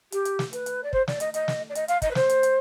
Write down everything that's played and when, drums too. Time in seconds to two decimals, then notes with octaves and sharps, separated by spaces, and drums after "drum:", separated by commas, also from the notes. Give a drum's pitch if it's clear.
0.12 G4, drum: hi-hat
0.25 drum: hi-hat
0.39 drum: snare
0.53 B4, drum: hi-hat
0.66 drum: hi-hat
0.84 D5
0.93 C5, drum: kick
1.08 D5, drum: snare
1.20 D#5, drum: hi-hat
1.34 D#5, drum: hi-hat
1.48 drum: snare
1.70 D5
1.75 D#5, drum: hi-hat
1.88 F5, drum: hi-hat
2.02 D#5, drum: kick, hi-hat
2.11 B4
2.15 C5, drum: snare
2.29 drum: hi-hat
2.43 drum: hi-hat